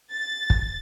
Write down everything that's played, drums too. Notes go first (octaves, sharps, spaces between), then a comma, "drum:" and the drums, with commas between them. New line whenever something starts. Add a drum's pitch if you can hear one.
A6
drum: kick